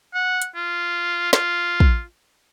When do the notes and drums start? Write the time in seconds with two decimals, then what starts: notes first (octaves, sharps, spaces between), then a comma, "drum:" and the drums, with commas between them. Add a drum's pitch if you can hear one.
0.14 F#5
0.42 drum: hi-hat
0.56 F4
1.33 F4, drum: snare
1.80 drum: kick